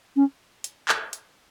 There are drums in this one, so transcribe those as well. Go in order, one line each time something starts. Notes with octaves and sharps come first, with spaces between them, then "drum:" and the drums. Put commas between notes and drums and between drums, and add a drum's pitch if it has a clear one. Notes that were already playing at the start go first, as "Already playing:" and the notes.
C#4
drum: hi-hat
drum: clap
drum: hi-hat